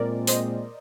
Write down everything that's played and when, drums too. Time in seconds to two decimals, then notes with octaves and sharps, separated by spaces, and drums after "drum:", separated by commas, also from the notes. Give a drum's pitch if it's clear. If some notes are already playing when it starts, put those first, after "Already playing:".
Already playing: A#2 G#3 C4 A#4 D5
0.27 C5 D#5, drum: hi-hat